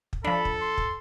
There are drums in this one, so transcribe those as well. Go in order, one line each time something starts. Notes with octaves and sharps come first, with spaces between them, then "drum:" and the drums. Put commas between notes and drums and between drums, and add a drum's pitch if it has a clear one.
drum: kick
F3 D4 A4 B5
drum: kick
C6
drum: kick